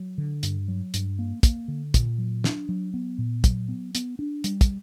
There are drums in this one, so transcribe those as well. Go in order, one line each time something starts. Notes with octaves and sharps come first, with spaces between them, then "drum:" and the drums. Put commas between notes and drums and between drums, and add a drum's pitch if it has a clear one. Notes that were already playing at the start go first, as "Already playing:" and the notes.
Already playing: F#3
D3
G2, drum: hi-hat
F#3
G2, drum: hi-hat
A#3
A#3, drum: kick, hi-hat
D3
A#2, drum: kick, hi-hat
F#3
D4, drum: snare
F#3
B3
A#2
F#3, drum: kick, hi-hat
B3
B3, drum: hi-hat
D4
G3, drum: hi-hat
drum: kick, hi-hat